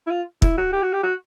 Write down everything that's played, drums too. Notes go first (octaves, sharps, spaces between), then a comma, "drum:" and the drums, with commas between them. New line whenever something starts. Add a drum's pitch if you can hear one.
E4
F4
E4, drum: kick
F#4
G4
F#4
G4
F#4